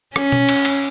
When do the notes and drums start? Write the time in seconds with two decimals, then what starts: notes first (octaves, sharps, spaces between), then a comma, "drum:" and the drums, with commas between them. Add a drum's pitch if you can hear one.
0.16 C#4, drum: rim click
0.32 drum: tom B2
0.49 drum: cymbal
0.65 drum: cymbal